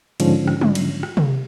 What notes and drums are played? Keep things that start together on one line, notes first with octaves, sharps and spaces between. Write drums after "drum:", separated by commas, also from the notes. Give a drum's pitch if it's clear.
G#2 D3 F3 C#4 D4, drum: cymbal
drum: rim click
drum: tom
drum: cymbal
drum: rim click
drum: tom C3